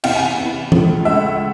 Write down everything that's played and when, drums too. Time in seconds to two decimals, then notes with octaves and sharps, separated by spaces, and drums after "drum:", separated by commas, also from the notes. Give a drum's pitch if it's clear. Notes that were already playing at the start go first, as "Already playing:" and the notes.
0.04 E2 C3 E3 F5 G5, drum: cymbal
0.15 F#5 G#5
0.37 E2 C3 E3
0.72 C#2 C#3 F3 A3, drum: tom E3
1.05 C#2 C#3 F3 A3 E5 F#5